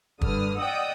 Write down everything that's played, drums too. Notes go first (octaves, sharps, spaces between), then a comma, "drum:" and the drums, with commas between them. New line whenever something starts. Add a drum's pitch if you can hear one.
G2 D3 B4 D#6 F6, drum: kick
D5 D#5 F#5 G5 D#6 E6